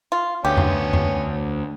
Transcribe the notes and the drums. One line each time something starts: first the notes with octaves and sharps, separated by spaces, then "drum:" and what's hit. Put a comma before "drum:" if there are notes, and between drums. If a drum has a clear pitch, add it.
F4
D2 B3 C#4 G4
drum: tom E2
drum: tom E2